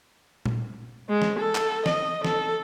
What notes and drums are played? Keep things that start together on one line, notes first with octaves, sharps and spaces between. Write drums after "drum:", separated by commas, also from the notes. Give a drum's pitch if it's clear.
drum: tom A#2
G#3
drum: snare
A4
drum: clap
D#5, drum: snare
A4, drum: snare